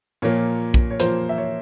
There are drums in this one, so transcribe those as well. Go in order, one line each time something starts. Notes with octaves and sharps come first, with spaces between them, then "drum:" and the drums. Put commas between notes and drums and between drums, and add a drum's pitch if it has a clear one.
A#2 F3 A#3 C#5
drum: kick B1
C#5
A#2 F3 A#3 C5, drum: hi-hat
E5
C#5